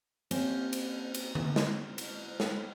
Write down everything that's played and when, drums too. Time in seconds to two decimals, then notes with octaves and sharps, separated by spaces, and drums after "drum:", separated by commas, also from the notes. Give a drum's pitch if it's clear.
0.31 A#3 C4 C#4 G4 C5 G#5, drum: cymbal
0.73 drum: cymbal
1.14 drum: cymbal
1.35 drum: tom D3
1.56 drum: snare
1.98 drum: cymbal
2.40 drum: snare